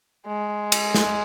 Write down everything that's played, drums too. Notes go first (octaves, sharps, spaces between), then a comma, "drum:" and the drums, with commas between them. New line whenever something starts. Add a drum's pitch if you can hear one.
G#3
drum: cymbal
drum: snare